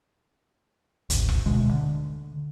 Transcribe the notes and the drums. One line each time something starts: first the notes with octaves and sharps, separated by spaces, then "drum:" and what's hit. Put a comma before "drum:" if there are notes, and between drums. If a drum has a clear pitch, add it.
G#1 D2, drum: hi-hat
drum: kick E1
D2 B2 G#3
D3